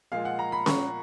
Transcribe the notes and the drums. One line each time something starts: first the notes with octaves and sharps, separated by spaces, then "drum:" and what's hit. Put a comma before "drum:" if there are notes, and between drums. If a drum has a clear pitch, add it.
A#2 F3 G#3 F5
F#5
A#5
B5
C#6, drum: snare C#4